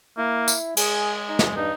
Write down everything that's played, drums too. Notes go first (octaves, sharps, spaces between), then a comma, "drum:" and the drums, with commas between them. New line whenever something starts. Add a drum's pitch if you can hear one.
A#3 E4
drum: tambourine
G#3 G#4, drum: cymbal
D#4
drum: snare
G2 D#4